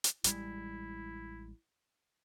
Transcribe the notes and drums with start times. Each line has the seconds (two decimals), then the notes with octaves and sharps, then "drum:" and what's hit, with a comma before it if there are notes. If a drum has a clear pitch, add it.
0.04 drum: hi-hat
0.24 A1 G3 G#3 E4, drum: hi-hat